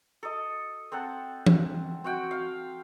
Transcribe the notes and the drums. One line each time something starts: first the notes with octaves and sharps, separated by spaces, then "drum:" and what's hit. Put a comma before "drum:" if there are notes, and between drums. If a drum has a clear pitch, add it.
A4 D#5
C4 A4 F#5 A5
drum: tom E3
C4 F#4 F#5 G5
F5